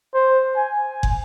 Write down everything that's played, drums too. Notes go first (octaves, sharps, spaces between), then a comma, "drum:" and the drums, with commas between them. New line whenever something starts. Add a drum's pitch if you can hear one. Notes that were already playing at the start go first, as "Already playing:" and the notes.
C5
G#5
drum: kick